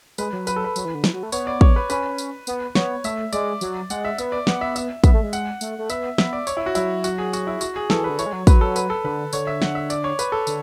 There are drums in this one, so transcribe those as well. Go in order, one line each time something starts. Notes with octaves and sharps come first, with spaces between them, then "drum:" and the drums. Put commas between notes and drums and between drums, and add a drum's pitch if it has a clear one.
G#3 B4, drum: tambourine
F#3
B4, drum: tambourine
A4
B4
F#3, drum: tambourine
E3
D3
E3, drum: snare
F#3
A3
B3 C#5, drum: tambourine
D5
C#5, drum: kick
B4
C#4 B4, drum: tambourine
drum: tambourine
B3, drum: tambourine
B3 C#5, drum: snare
A3 E5, drum: tambourine
G#3 D5, drum: tambourine
F#3, drum: tambourine
G#3 F#5, drum: tambourine
E5
B3 E5, drum: tambourine
D5
B3 F#5, drum: snare
E5
E5, drum: tambourine
B3 E5, drum: kick, tambourine
A3
G#3
F#5, drum: tambourine
A3, drum: tambourine
A3
B3 E5, drum: tambourine
B3 E5, drum: snare
D5
C#5, drum: tambourine
E4
F#4
F#3 E4, drum: tambourine
F#4, drum: tambourine
G#4
F#4, drum: tambourine
E4
F#4, drum: tambourine
G#4
E3 A4, drum: snare
D3 B4
E3 C#5, drum: tambourine
G#3
F#3
F#3 B4, drum: kick, tambourine
A4
B4, drum: tambourine
A4
D3 B4
D3 C#5, drum: tambourine
E5
F#5, drum: snare
E5
D5, drum: tambourine
C#5
B4, drum: tambourine
A4
D3, drum: tambourine